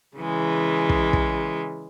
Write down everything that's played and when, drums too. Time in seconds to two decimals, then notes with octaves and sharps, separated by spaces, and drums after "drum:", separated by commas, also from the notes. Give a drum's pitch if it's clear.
0.18 C#3 E3 G#3
0.89 drum: kick
1.13 drum: kick